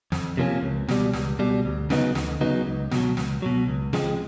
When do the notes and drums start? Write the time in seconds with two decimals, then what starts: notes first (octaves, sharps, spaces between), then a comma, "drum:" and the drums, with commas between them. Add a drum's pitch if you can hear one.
0.12 F2, drum: snare
0.37 C3 F3 A#3 C#4
0.63 C#2
0.89 B2 G3, drum: snare
1.13 C#2, drum: snare
1.39 B2 G3
1.65 D2
1.90 C#3 F#3 B3 D#4, drum: snare
2.15 D2, drum: snare
2.41 C#3 F#3 B3 D#4
2.66 C#2
2.92 B2 F#3, drum: snare
3.17 C#2, drum: snare
3.42 B2 F#3
3.68 C#2
3.93 C#3 F3 G#3 C4, drum: snare